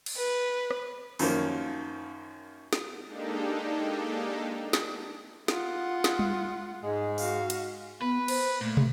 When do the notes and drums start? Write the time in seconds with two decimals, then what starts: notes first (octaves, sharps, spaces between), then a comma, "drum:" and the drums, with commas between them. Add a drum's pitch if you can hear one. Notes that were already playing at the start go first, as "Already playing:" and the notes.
0.06 drum: cymbal
0.17 B4
0.71 drum: rim click
1.19 F#2 D#3 F3 A#3 C#4, drum: open hi-hat
2.73 drum: snare
3.06 G#3 A#3 D4 D#4 G4 A4
4.73 drum: snare
5.48 F4 F#5, drum: snare
6.04 drum: snare
6.19 drum: tom G3
6.83 G#2 G#3
7.18 F#4 F5, drum: open hi-hat
7.50 drum: cymbal
8.02 B3 B4
8.28 C5, drum: cymbal
8.61 A#2 A3
8.77 A3, drum: tom